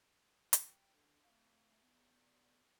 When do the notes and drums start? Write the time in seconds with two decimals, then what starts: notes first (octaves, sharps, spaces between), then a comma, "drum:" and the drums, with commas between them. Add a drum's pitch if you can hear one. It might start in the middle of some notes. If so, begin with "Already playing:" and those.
0.53 G5, drum: hi-hat
0.94 D3
1.24 A3 F5
1.82 B3 D5